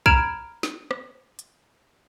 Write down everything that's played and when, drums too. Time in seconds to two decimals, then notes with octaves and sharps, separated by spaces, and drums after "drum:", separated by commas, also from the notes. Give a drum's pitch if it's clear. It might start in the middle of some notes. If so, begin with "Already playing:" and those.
0.06 A#5 B5 F6 G#6 D7 E7, drum: kick
0.63 drum: snare
0.91 drum: rim click
1.39 drum: hi-hat